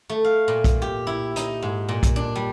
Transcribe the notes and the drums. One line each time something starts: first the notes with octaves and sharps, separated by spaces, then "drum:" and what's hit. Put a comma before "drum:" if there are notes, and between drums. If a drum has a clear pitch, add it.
A3
F5
A#2
drum: kick B1, hi-hat
G4
E4
D#4, drum: hi-hat
G#2
A#2
drum: kick B1, hi-hat
D4
G3